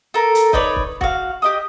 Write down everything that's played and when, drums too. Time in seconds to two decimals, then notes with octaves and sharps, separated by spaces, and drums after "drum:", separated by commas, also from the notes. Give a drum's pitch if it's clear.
0.14 A4 A#4
0.35 drum: hi-hat
0.53 D#4 B4 C#5 D5, drum: kick
0.76 drum: kick
1.01 F#4 F5, drum: kick
1.42 G4 D#5 D#6